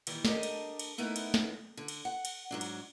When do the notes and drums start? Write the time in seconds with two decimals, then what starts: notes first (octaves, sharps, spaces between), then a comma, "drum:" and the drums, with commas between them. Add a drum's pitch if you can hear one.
0.07 A#2 D#3 E3 G3, drum: cymbal
0.25 D4 G4 A4 A#4 D#5, drum: snare
0.43 drum: cymbal
0.79 drum: cymbal
0.98 A3 B3 D#4 E4 A#4 B4
1.16 drum: cymbal
1.34 drum: snare
1.77 D3
1.88 drum: cymbal
2.05 F#5
2.25 drum: cymbal
2.51 G#2 F#3 D4
2.61 drum: cymbal